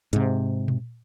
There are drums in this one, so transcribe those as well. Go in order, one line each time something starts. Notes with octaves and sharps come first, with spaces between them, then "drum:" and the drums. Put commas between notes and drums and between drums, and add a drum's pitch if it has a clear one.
G#2 C3, drum: hi-hat
drum: tom A#2